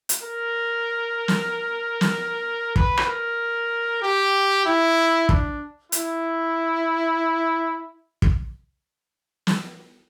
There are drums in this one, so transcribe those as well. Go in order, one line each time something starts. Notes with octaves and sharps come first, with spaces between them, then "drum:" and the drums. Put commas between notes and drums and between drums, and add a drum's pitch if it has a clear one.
drum: hi-hat
A#4
drum: snare
drum: snare
B4, drum: kick
drum: rim click
A#4
G4
E4
D4, drum: kick
E4, drum: hi-hat
drum: kick
drum: snare